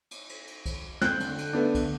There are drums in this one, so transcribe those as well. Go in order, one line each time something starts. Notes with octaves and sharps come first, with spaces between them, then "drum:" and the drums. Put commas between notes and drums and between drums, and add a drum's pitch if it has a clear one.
drum: cymbal
drum: cymbal
drum: cymbal
drum: kick C2, cymbal
C4 F#6 G6, drum: snare
D3, drum: cymbal
drum: cymbal
A3 B3 D4
drum: kick C2, cymbal